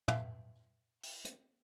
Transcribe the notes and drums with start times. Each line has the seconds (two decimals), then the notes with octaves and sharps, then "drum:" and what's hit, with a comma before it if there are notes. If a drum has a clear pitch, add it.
0.08 B4 E5 F5, drum: tom
1.03 drum: open hi-hat
1.25 drum: hi-hat